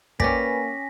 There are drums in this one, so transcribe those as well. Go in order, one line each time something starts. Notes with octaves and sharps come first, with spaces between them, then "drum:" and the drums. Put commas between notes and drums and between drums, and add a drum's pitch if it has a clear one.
A#3 C#4 G4 B4 D5 G#5 A#6 B6, drum: kick